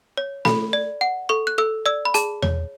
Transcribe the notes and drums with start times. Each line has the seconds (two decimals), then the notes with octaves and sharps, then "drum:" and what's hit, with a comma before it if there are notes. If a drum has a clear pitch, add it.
0.17 C#5
0.45 A4 B5, drum: snare
0.73 D5
1.01 F#5
1.29 A4 C#6
1.47 F#6
1.58 A4 E6
1.86 D5 E6
2.05 B5
2.14 G#4 A5, drum: hi-hat
2.43 C#5, drum: tom E2